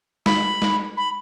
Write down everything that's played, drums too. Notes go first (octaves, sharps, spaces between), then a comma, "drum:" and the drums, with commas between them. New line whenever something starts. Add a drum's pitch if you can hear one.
B5, drum: snare
drum: snare
B5